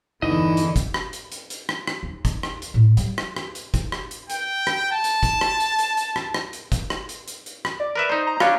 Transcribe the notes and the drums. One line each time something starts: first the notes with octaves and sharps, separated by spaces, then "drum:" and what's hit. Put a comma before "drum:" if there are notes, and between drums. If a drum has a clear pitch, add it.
G1 E2 D3 E3 D#4 E4 D#5
drum: hi-hat
drum: kick G1, hi-hat
drum: rim click
drum: hi-hat
drum: hi-hat
drum: hi-hat
drum: rim click
drum: rim click
D#2
drum: kick G1, hi-hat
drum: rim click
drum: hi-hat
A2
G3, drum: hi-hat
drum: rim click
drum: rim click
drum: hi-hat
drum: kick G1, hi-hat
drum: rim click
drum: hi-hat
G5, drum: hi-hat
drum: rim click
A5
drum: hi-hat
drum: kick G1, hi-hat
drum: rim click
drum: hi-hat
drum: hi-hat
drum: hi-hat
drum: rim click
drum: rim click
drum: hi-hat
drum: kick G1, hi-hat
drum: rim click
drum: hi-hat
drum: hi-hat
drum: hi-hat
drum: rim click
D5
A#4 B4 E5
D#4 C5
A#5
G3 D4 F4 C#5, drum: rim click